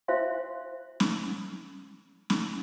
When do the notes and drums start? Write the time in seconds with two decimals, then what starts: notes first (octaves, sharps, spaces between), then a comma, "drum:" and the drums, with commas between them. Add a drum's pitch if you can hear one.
0.08 F#4 C5 E5 F5 C6
1.00 drum: snare C#4
2.30 drum: snare C#4